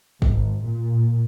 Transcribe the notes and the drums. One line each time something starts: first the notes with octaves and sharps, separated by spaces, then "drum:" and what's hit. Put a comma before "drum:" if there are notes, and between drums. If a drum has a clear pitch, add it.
G#1, drum: kick
A#2